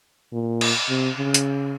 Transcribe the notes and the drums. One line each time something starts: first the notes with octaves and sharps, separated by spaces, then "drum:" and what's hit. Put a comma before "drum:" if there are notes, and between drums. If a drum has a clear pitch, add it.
A#2
drum: cymbal
C3
C#3
drum: hi-hat